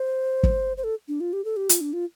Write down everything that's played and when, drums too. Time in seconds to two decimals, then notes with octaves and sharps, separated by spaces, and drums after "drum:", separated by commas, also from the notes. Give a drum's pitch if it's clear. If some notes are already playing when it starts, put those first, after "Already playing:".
Already playing: C5
0.43 drum: kick
0.77 C5
0.84 A4
1.08 D4
1.20 F4
1.33 G4
1.45 A4
1.57 G4
1.69 F4, drum: hi-hat
1.81 D4
1.93 F4